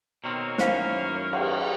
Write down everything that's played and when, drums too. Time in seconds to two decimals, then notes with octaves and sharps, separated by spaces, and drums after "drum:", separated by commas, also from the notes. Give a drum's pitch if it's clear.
0.24 B2 D#3 A#3 C4 A#4 C#5
0.58 F#2 D#3 E3 C5 F5, drum: snare
1.33 drum: cymbal